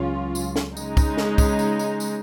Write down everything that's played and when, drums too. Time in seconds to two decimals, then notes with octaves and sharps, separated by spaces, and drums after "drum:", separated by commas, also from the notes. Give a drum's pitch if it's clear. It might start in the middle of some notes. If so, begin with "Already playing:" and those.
Already playing: C#2 C#3 F#3 C#4 F4
0.35 drum: tambourine
0.56 drum: snare
0.77 C#3 G#3 D#4, drum: tambourine
0.97 drum: kick, tambourine
1.18 drum: snare
1.38 drum: kick, tambourine
1.59 drum: tambourine
1.79 drum: tambourine
2.00 drum: tambourine